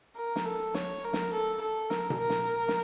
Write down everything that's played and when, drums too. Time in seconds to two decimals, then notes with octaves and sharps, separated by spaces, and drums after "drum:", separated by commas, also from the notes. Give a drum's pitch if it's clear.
0.16 A#4
0.36 drum: snare
0.45 A4
0.74 C#5, drum: snare
1.04 A#4
1.13 drum: snare
1.33 A4
1.61 A4
1.90 A#4, drum: snare
2.10 drum: tom B2
2.20 A#4
2.30 drum: snare
2.68 drum: snare